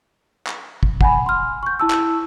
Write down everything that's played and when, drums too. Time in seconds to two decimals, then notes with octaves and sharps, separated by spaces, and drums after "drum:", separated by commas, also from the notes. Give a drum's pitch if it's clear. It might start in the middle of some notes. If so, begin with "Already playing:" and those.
0.47 drum: clap
0.83 drum: kick
1.01 F#5 G#5 B5, drum: kick
1.26 C6 F6
1.63 C#6 G6
1.80 E4 A5 E6
1.90 drum: clap